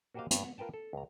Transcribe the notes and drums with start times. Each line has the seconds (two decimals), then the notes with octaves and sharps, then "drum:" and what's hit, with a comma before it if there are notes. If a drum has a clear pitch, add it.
0.14 A#3 F#4 G4 C5 D#5 F5
0.31 G2, drum: hi-hat
0.43 F#5
0.58 F4 A#4 B4 G5 A5
0.74 A4
0.93 C#2 A#5